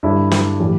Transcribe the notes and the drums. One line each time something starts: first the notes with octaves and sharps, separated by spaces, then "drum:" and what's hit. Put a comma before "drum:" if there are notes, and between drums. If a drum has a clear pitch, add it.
G2 D3 G3 E4 E5
drum: snare
A2 E3 G3